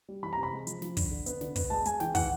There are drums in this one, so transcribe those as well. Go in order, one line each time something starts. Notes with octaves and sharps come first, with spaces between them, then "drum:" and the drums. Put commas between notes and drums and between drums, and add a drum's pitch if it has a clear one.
G3
E3 B5
C3 A#5
B5
G#3
F3, drum: hi-hat
F3, drum: snare
D3, drum: kick, open hi-hat
D3
B3, drum: hi-hat
D3, drum: snare
B3, drum: kick, open hi-hat
G#3 A5
G#3 G#5, drum: hi-hat
E3 G5, drum: snare
E3 F#5, drum: kick, open hi-hat